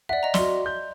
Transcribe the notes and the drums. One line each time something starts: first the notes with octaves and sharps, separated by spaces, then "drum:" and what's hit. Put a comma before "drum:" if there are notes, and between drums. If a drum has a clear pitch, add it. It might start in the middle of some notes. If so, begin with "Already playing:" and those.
D5 E5 F#5
D#5 A#5
F#4 D5 C6, drum: snare
G6